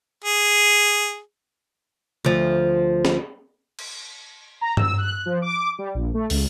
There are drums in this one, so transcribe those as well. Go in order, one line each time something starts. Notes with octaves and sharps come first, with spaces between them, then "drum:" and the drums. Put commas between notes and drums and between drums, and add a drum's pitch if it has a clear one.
G#4
D2 F3
drum: snare
drum: cymbal
A#5
E6, drum: tom G2
F#6
F3
D6
G3
A#1
A3
C#2, drum: open hi-hat